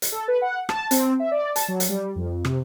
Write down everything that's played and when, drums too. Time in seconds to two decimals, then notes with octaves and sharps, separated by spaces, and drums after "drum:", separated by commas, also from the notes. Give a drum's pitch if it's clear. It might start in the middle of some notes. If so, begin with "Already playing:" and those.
0.02 drum: hi-hat
0.12 A4
0.28 B4
0.42 F#5
0.69 A5, drum: rim click
0.91 C4, drum: hi-hat
1.20 E5
1.31 D5
1.56 A5, drum: hi-hat
1.68 F#3
1.80 drum: hi-hat
1.89 G3
2.16 F2
2.45 C3, drum: rim click